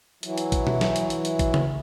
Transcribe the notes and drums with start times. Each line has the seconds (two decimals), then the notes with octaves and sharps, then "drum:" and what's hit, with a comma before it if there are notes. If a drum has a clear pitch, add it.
0.23 E3 F#3, drum: hi-hat
0.38 drum: hi-hat
0.52 drum: kick A1, hi-hat
0.67 drum: tom B2
0.81 drum: snare
0.96 drum: hi-hat
1.10 drum: hi-hat
1.25 drum: hi-hat
1.39 drum: kick A1, hi-hat
1.54 drum: tom C#3